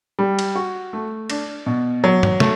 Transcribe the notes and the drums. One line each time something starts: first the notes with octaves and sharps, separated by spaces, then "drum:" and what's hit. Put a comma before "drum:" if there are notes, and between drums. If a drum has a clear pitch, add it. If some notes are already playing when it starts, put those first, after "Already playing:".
G3
drum: cymbal
F#4
A3
D4, drum: cymbal
B2
F#3
drum: tom G2
A3, drum: snare